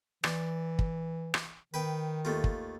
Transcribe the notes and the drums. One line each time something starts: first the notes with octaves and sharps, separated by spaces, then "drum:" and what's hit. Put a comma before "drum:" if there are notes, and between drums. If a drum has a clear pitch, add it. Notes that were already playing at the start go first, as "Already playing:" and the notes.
E3 D5, drum: rim click
drum: kick
drum: rim click
D#3 B4 G5
D#2 A3 F4
drum: kick